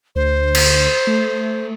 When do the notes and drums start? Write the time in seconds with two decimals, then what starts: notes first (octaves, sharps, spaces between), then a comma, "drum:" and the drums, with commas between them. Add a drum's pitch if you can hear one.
0.16 D2 C5
0.55 drum: cymbal
1.07 A3